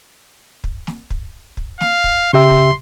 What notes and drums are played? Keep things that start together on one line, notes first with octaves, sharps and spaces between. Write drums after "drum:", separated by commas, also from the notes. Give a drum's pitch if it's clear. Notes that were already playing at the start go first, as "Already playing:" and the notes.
drum: kick
drum: snare
drum: kick
drum: kick
F5, drum: snare
drum: kick
C#3 G4 E5 C6
drum: kick